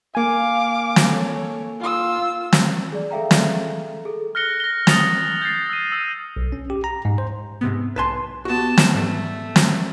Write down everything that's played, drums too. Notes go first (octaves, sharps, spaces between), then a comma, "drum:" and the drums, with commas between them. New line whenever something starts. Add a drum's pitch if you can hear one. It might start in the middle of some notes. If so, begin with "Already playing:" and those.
A#3 F5 G#5 D6
drum: snare
A4 C#5
F4 E6
drum: snare
G#4 D5
G#4 A4 E5 F5 G5 A#5
drum: snare
G#4 A4
F6 F#6 A#6 C#7 G7
A#6 G7
D#6 F6 A6 A#6 F7, drum: snare
G6 A6 C7
E6 D#7
E6 D#7
B1
C#4
G4
A#5
G#2
C5
G#2 C3 B3
B1 B4 G#5 A5 C6
B3 F#4 G4 A5
drum: snare
G#2 E3 G3 A3
drum: snare